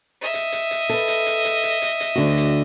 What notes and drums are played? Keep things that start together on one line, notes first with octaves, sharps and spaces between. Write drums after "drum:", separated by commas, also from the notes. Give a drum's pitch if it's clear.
D#5 E5
drum: hi-hat
drum: hi-hat
drum: hi-hat
A4 B4, drum: hi-hat
drum: hi-hat
drum: hi-hat
drum: hi-hat
drum: hi-hat
drum: hi-hat
drum: hi-hat
D2 D3 F#4
drum: hi-hat